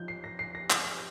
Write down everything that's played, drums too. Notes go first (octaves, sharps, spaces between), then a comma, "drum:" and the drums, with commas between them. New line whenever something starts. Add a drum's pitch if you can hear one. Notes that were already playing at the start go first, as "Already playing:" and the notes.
Already playing: F3 D#4 G6
C7
A#6
C7
A#6
G6, drum: clap
F6